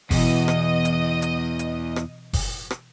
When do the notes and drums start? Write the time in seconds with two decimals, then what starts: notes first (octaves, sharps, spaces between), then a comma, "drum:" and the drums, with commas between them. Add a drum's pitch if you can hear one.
0.11 E2 B2 E3 D#5, drum: kick F#1, open hi-hat
0.48 drum: rim click
0.85 drum: hi-hat
1.22 drum: hi-hat
1.59 drum: hi-hat
1.96 drum: rim click
2.33 drum: kick F#1, open hi-hat
2.71 drum: rim click